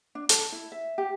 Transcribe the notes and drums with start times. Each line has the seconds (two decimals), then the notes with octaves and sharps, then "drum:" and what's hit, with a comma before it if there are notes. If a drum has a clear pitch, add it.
0.15 D4
0.29 A4, drum: hi-hat
0.52 E4
0.72 E5
0.98 G4